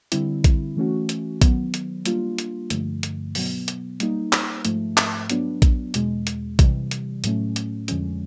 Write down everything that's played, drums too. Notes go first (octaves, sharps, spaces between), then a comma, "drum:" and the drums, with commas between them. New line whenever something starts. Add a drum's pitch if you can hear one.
D3 G3 C4 E4, drum: hi-hat
drum: kick A#1, hi-hat
E3 A3 C#4 F#4
drum: hi-hat
D#3 F#3 B3, drum: kick A#1, hi-hat
drum: hi-hat
G3 A#3 D4 F4, drum: hi-hat
drum: hi-hat
G2 D3 F3 A3, drum: hi-hat
drum: hi-hat
B2 F#3 B3, drum: open hi-hat
drum: hi-hat
G3 A#3 D#4, drum: hi-hat
drum: clap
G#2 F3 A3, drum: hi-hat
drum: clap
F#3 B3 D4, drum: hi-hat
drum: kick A#1, hi-hat
E2 B2 G#3, drum: hi-hat
drum: hi-hat
C3 E3 G3, drum: kick A#1, hi-hat
drum: hi-hat
A2 F#3 A3 C#4, drum: hi-hat
drum: hi-hat
F2 D3 F3 G#3 C#4, drum: hi-hat